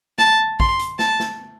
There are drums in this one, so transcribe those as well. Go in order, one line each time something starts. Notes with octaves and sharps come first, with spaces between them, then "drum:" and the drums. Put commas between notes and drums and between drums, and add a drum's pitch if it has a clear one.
A5, drum: snare
C6, drum: kick
drum: hi-hat
A5, drum: snare
drum: snare